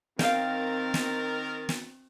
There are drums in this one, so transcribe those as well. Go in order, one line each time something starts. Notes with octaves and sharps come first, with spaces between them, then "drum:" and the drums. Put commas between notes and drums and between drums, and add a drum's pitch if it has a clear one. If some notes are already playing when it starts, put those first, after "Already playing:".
D#3 C4 A#4 F5 G5 A6, drum: snare
drum: snare
drum: snare